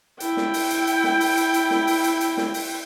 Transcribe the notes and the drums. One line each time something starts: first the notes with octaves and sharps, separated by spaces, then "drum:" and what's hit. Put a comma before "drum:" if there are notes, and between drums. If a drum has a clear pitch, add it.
E4 G5, drum: hi-hat
drum: snare
drum: open hi-hat
drum: hi-hat
drum: hi-hat
drum: snare
drum: open hi-hat
drum: hi-hat
drum: hi-hat
drum: snare
drum: open hi-hat
drum: hi-hat
drum: hi-hat
drum: snare
drum: open hi-hat